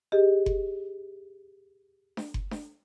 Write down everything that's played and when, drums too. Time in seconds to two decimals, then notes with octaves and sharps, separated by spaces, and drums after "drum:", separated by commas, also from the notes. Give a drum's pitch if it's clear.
0.12 G4 G#4 D#5
0.46 drum: kick F#1
2.17 drum: snare D4
2.34 drum: kick F#1
2.51 drum: snare D4